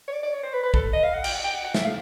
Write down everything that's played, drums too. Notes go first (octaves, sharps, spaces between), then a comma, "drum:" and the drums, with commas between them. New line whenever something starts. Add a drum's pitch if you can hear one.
C#5
D5
D5
C#5
C5
B4
B4
A4, drum: kick
D#5
F5
F#5
G5, drum: cymbal
F#5
G5
F#5
F#5
E5, drum: snare
F5